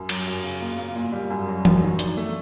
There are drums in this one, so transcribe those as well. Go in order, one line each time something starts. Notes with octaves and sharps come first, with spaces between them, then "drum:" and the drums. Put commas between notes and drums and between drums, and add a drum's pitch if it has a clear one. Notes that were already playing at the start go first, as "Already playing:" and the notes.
Already playing: F#2
F#3, drum: cymbal
F#2
C#3
A#2
A#3
A#2
G3
F#2
F#3
F#2, drum: tom E3
D#3
D4, drum: hi-hat
A3